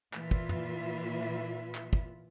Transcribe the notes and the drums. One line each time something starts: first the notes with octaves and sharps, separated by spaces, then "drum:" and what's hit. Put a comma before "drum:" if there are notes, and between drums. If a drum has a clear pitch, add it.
A#2 E3 F4 B4 E5, drum: clap
drum: kick
drum: tom
drum: clap
drum: kick